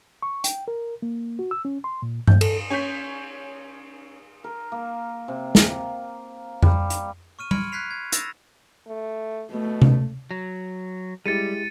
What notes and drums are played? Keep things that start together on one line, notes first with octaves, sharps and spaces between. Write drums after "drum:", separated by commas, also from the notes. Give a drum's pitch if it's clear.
C#6
G5, drum: hi-hat
A#4
A#3
F#4
E6
C#4
C6
A#2
G6, drum: tom G2
A4, drum: cymbal
C#4 C#5 G#5 G6 B6
A#4
A#3
C3
drum: snare
A#3
G3, drum: tom F2
drum: hi-hat
C#6 F6 D#7
B5 C6 F6 G#6 C#7 D7, drum: tom G3
F#6 G#6 B6 C7 F7
G#6
E6 A6 A#6 E7 F7, drum: hi-hat
A3
B2 A3
drum: tom C3
F#3
G3 G#3 E4 G4 A6 C#7 D#7